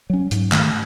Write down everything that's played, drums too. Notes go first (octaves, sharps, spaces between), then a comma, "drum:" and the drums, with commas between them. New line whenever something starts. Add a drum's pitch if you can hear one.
F#3 C#4
G#2, drum: hi-hat
D#3 A3, drum: clap